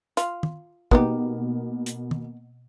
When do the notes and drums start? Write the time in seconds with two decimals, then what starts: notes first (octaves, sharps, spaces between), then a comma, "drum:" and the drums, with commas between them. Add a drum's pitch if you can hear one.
0.17 F4, drum: hi-hat
0.43 drum: tom
0.91 B2 A#3 B3 D#4 G4, drum: kick
1.86 drum: hi-hat
2.11 drum: tom